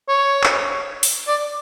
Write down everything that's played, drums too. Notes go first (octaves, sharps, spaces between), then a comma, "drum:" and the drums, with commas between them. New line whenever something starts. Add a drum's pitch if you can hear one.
C#5
drum: clap
drum: open hi-hat
D5